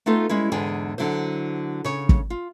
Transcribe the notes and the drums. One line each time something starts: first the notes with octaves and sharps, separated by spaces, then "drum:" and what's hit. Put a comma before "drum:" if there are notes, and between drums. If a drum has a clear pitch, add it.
A3 B3 D#4 F4 A4
G3 G#3 C#4 E4
E2 G#2 D3 G#4 G5
D3 F#3 E4 C5
C#3 C#5
drum: kick
F4